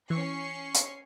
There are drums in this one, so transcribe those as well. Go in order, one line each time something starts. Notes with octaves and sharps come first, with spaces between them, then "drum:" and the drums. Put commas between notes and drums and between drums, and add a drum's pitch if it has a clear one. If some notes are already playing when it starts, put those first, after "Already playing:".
E3 C#4 C#6 C7
drum: hi-hat